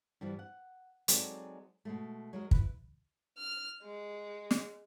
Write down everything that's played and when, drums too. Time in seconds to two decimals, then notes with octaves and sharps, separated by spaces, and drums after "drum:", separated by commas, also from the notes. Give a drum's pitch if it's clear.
0.21 G2 E3 F3 G3
0.39 F#5
1.08 F#3 G#3 C4 D#4 A4 D5, drum: hi-hat
1.85 B2 G#3 A3
2.33 F#3 G#3 A#4
2.51 E4 B4, drum: kick
3.38 F6
3.83 G#3
4.51 drum: snare